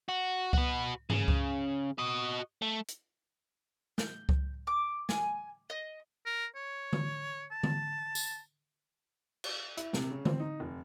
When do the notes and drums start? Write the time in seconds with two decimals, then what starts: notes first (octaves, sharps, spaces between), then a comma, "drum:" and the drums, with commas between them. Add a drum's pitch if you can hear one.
0.09 F#4
0.53 F#4 B4, drum: kick C#2
1.10 C#3, drum: tom G2
1.28 drum: kick C#2
1.98 F#4 D#5
2.62 A3
2.88 drum: hi-hat
3.98 G6, drum: snare
4.29 drum: kick C#2
4.67 D6
5.09 G#5, drum: snare
5.70 D#5
6.26 A#4
6.56 C#5
6.93 drum: tom D3
7.51 A5
7.63 drum: tom D3
8.15 drum: tambourine
9.44 drum: cymbal
9.77 E4, drum: hi-hat
9.93 C3, drum: snare
10.11 C#3
10.25 C4, drum: tom D3
10.40 D#4
10.60 F1